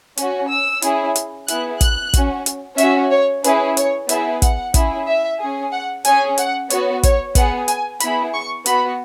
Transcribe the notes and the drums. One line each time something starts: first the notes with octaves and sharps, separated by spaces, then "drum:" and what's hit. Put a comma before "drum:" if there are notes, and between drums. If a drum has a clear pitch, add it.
C#4 F#4, drum: hi-hat
E6
C#4 E4 G#4, drum: hi-hat
drum: hi-hat
B3 E4 G#4 F#6, drum: hi-hat
F#6, drum: kick, hi-hat
C#4 F#4, drum: kick, hi-hat
drum: hi-hat
C#4 F#4 E5, drum: hi-hat
C#5
C#4 E4 G#4 B4, drum: hi-hat
C#5, drum: hi-hat
B3 E4 G#4 E5, drum: hi-hat
F#5, drum: kick, hi-hat
C#4 E4 G#4, drum: kick, hi-hat
E5
C#4 G#4
F#5
C#4 G#4 G#5, drum: hi-hat
F#5, drum: hi-hat
B3 F#4 C#5, drum: hi-hat
C#5, drum: kick, hi-hat
B3 G#4 F#5, drum: kick, hi-hat
G#5, drum: hi-hat
B3 E4 G#4 B5, drum: hi-hat
C#6
B3 F#4 B5, drum: hi-hat